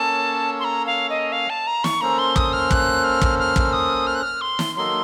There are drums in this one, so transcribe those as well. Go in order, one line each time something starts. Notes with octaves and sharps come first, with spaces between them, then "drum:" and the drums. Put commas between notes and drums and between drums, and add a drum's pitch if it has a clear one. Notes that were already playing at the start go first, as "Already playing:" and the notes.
Already playing: A#3 C#4 A4 C#5 A5
C6
A#5
F5
D#5
F5
A5
A#5
C#6, drum: snare
A#3 C#4 A4 C5 A#5
C6
D#6, drum: kick
F6
F#6, drum: kick
F6
drum: kick
F6
drum: kick
D#6
F6
F#6
F6
C6
drum: snare
F#3 A#3 D#4 A4 C6